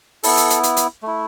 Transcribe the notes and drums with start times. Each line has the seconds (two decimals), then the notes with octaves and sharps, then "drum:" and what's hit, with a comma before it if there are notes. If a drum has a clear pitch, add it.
0.23 B3 E4 A4, drum: open hi-hat
0.37 drum: hi-hat
0.50 drum: hi-hat
0.63 drum: hi-hat
0.77 drum: hi-hat
1.03 A3 E4